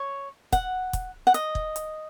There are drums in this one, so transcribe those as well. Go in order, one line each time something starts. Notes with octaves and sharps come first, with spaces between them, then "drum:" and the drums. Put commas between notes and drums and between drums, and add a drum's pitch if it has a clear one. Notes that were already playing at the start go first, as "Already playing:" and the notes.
Already playing: C#5
F#5, drum: kick, hi-hat
drum: kick, hi-hat
F#5
D#5, drum: hi-hat
drum: kick
drum: hi-hat